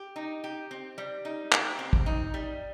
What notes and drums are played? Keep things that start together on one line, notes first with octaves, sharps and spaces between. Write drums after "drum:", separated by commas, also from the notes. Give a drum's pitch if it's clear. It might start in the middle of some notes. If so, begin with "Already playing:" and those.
Already playing: G4
D#4
G4
C4
G3
D#4
G4, drum: clap
C4
drum: kick
D#4
G3